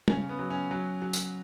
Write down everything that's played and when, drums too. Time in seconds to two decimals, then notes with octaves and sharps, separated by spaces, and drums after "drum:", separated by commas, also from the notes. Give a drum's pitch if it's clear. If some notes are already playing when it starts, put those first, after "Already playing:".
0.08 C#3 C#4, drum: tom
0.29 B3
0.39 F#3
0.50 C#4
0.71 F#3
1.02 F#3
1.13 drum: tambourine